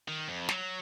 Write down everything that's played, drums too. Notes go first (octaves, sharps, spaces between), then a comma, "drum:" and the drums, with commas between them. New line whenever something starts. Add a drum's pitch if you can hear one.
D#3
F2
F#3, drum: snare